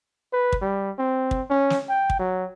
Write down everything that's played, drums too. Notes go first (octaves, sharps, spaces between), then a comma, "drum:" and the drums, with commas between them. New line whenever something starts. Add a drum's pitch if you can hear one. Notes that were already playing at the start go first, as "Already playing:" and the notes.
B4
drum: kick
G3
C4
drum: kick
C#4
drum: snare
G5
drum: kick
F#3